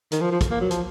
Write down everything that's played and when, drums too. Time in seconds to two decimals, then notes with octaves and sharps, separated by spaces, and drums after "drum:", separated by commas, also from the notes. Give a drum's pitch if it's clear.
0.12 D#3, drum: hi-hat
0.21 F3
0.31 F3
0.41 drum: kick, hi-hat
0.51 A#3
0.61 F#3
0.71 F3, drum: hi-hat